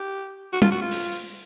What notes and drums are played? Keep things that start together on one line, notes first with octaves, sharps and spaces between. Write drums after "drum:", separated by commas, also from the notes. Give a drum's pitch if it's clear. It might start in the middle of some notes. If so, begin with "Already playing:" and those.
Already playing: G4
F#4
F4, drum: tom
F#4
F4
drum: open hi-hat